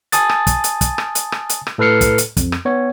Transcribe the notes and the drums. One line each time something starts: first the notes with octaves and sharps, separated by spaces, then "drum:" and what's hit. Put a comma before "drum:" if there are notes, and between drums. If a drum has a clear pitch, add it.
G#5 A5 D#6 A6, drum: hi-hat
drum: rim click
drum: kick, hi-hat
drum: hi-hat
drum: kick, hi-hat
drum: rim click
drum: hi-hat
drum: rim click
drum: hi-hat
drum: rim click
A2 A4 B4 F6 C7 C#7
drum: kick, hi-hat
drum: hi-hat
F2, drum: kick, hi-hat
drum: rim click
B3 C#5